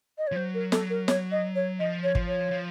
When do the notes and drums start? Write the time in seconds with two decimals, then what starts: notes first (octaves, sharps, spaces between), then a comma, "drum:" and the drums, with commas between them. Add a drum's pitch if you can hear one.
0.18 D#5
0.27 C#5
0.32 F3
0.36 F#3 C5
0.54 A#4
0.72 A4, drum: snare
0.90 A#4
1.08 C#5, drum: snare
1.32 D#5
1.55 C#5
1.80 F3 D#5
2.03 C#5
2.15 F3, drum: kick
2.27 C#5
2.51 F3